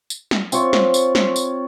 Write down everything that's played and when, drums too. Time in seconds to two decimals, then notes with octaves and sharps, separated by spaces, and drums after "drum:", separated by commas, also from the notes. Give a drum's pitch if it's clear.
0.10 drum: tambourine
0.31 drum: snare
0.52 C4 F4 C#5, drum: tambourine
0.73 drum: snare
0.94 drum: tambourine
1.15 drum: snare
1.36 drum: tambourine